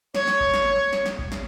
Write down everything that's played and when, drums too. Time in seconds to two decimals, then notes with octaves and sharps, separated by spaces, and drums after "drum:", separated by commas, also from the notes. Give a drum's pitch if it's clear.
0.14 C#5, drum: snare
0.28 drum: snare
0.41 drum: kick G1
0.54 drum: snare
0.93 drum: snare
1.06 drum: snare
1.19 drum: kick G1
1.32 drum: snare